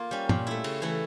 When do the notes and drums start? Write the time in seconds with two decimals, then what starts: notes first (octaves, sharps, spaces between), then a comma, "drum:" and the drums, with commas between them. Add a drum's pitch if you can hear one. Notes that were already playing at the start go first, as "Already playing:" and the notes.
Already playing: A#3 F4
0.11 G3 C#4
0.29 A#2, drum: tom
0.47 A3 E4
0.64 C#3, drum: cymbal
0.82 E3 A3 E4